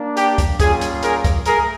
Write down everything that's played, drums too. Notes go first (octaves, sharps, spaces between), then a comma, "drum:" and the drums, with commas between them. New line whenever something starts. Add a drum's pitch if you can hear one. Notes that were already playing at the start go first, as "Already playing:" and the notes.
Already playing: A#3 D4
G4, drum: hi-hat
drum: kick, hi-hat
G3 A#3 C#4 F4 G#4, drum: kick, hi-hat
drum: hi-hat
G#4 A#4, drum: hi-hat
drum: kick, hi-hat
A3 G#4 A#4, drum: hi-hat